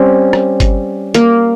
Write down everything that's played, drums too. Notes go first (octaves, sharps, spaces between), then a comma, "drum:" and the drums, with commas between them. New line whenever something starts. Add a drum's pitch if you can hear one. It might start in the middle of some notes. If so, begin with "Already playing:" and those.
Already playing: G3 C4 C#4
drum: rim click
drum: kick G1, hi-hat
A#3, drum: hi-hat